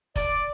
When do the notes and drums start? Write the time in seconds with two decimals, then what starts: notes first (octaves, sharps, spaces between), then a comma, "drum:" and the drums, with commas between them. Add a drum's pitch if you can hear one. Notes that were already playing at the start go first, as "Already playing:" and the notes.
0.16 D5, drum: kick F1, hi-hat